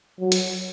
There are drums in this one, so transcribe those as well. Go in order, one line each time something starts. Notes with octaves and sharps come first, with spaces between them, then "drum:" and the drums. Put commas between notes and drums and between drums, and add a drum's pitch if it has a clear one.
F#3
drum: hi-hat